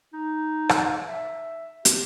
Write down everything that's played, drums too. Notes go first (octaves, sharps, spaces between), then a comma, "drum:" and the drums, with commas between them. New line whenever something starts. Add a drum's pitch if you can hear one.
D#4
drum: rim click
E5
G4, drum: hi-hat